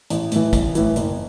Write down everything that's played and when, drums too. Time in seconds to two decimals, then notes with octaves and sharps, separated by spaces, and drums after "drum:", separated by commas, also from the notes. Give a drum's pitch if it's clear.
0.10 A1, drum: hi-hat
0.32 A2 E3, drum: hi-hat
0.53 A1, drum: kick, hi-hat
0.75 A2 E3, drum: hi-hat
0.96 F#1, drum: hi-hat